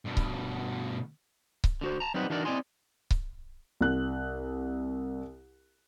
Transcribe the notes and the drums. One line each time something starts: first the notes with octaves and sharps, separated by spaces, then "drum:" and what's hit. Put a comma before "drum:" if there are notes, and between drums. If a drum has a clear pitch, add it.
G2 B2
drum: kick C#1
drum: kick C#1
D3 F#4 C5
A5 A#5
F#3 G3 C4 D#4 B4 F#5
E3 D4 D#4 F#4 A#4 D5
C4 E4 D5 D#5 G#5 C6
drum: kick C#1
C2 F#6